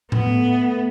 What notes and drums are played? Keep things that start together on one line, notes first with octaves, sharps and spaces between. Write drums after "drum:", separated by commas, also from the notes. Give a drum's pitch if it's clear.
A3 B3, drum: tom A2